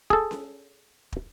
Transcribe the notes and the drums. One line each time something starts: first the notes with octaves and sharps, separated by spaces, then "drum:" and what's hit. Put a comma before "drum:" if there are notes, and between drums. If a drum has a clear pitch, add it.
G#4 A4, drum: kick
drum: snare C#4
drum: kick